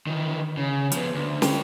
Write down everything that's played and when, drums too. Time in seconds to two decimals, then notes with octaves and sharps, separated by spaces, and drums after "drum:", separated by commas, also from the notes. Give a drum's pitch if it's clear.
0.07 D#3 E3
0.57 C#3
0.92 F3 B3, drum: hi-hat
1.14 D2
1.42 F4 G5, drum: snare